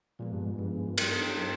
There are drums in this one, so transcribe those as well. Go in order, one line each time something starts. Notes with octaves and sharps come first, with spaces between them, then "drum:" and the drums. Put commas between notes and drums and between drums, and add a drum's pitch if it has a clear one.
A#2 F3 G#3 B3
G2
G#2
G2 F3 G#3 B3
G#2
G2
F#3 B3 D#4 G4, drum: cymbal
F#3 B3 D#4 G4